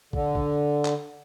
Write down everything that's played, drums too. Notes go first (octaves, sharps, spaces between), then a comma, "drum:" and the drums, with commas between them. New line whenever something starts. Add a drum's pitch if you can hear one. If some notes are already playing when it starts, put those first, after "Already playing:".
D3, drum: kick
drum: kick
drum: clap